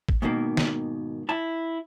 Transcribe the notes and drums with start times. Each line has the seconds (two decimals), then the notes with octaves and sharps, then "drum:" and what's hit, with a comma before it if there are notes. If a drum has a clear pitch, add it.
0.09 drum: kick
0.22 G#2 B2 D#3 A#3
0.57 drum: snare
1.29 E4 A5